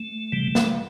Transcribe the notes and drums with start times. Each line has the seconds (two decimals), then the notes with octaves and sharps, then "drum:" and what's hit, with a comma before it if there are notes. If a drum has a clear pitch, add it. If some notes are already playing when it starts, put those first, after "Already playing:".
Already playing: A3
0.32 C3 E3 G3
0.55 drum: snare